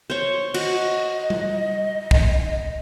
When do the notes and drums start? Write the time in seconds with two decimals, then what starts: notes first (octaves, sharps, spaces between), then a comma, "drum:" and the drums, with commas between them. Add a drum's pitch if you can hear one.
0.10 C5 C#5
0.54 F#4 D#5, drum: cymbal
1.30 drum: tom G3
2.11 drum: kick